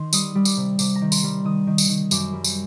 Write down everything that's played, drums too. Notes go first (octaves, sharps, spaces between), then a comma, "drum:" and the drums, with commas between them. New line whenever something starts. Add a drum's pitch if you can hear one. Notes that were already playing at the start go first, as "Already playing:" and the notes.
Already playing: D#3 C6
G3 D#6, drum: tambourine
G3
D6, drum: tambourine
C3
C3 D6, drum: tambourine
A#5
D#3
C6, drum: tambourine
G3
D#3 D#6
D#3
drum: tambourine
D#3
F#2 D6, drum: tambourine
G3
drum: tambourine